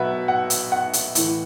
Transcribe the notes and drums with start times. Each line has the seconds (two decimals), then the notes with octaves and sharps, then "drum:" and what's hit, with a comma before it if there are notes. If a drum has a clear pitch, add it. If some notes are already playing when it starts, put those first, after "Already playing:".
Already playing: B2 F#3 B4 E5 F#5
0.28 F#5
0.50 drum: hi-hat
0.72 F#5
0.93 drum: hi-hat
1.15 A2 E3, drum: hi-hat